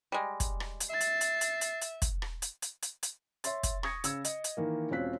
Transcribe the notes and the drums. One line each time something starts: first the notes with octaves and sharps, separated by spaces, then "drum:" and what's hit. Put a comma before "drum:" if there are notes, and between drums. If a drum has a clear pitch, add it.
G3 G#3
drum: kick, hi-hat
drum: rim click
drum: hi-hat
E5 A6 C7
drum: hi-hat
drum: hi-hat
drum: hi-hat
drum: hi-hat
drum: hi-hat
drum: kick, hi-hat
drum: rim click
drum: hi-hat
drum: hi-hat
drum: hi-hat
drum: hi-hat
C#5 E5 C6 A6, drum: hi-hat
drum: kick, hi-hat
C#6 D#6 G#6 A#6 C#7, drum: rim click
C#3 E6 G#6, drum: hi-hat
D#5, drum: hi-hat
drum: hi-hat
D#3 E3 A#3
E1 C4 C#4 F4 F#6 B6